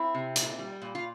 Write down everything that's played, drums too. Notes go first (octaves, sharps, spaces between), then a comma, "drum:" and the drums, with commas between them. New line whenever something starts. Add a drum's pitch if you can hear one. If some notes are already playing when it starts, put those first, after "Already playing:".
Already playing: C4 E4
C3
A#2, drum: hi-hat
G3
A#2
F4